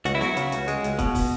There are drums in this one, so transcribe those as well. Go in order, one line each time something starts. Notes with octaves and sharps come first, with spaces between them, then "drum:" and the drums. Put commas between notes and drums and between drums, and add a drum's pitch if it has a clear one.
C#2 F#4, drum: hi-hat
E4
F#3 F#4, drum: snare
C#3, drum: hi-hat
C#2, drum: hi-hat
G#3, drum: hi-hat
C#2, drum: hi-hat
B2, drum: kick, hi-hat
drum: kick, open hi-hat